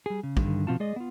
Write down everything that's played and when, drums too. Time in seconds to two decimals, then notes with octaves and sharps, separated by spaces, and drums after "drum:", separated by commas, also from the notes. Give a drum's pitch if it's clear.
0.06 G3 G#4
0.23 C#3
0.37 G2 D3 D#3, drum: kick
0.67 B2 F3 C4 F4 F#4 A5
0.80 G#3 G#4 D5 D#5
0.96 B3 F4